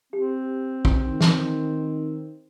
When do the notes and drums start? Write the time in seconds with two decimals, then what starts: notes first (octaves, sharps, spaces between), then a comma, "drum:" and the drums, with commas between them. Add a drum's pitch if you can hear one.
0.13 C4 G4
0.85 drum: kick
1.07 D#3
1.21 drum: snare